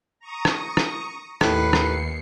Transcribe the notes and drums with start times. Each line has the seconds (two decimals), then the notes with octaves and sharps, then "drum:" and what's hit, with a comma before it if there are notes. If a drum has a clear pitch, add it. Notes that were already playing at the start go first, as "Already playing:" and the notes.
0.19 A#5 C#6 D#6
0.45 drum: rim click
0.77 drum: rim click
1.41 D#2 A2 B4 C7 C#7, drum: rim click
1.73 drum: rim click